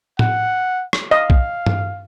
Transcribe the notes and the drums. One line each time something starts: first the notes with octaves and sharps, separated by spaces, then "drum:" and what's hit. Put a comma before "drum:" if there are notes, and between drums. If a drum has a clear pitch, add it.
F#5, drum: tom A2
drum: rim click
D#5 F5
drum: kick B1
drum: tom G2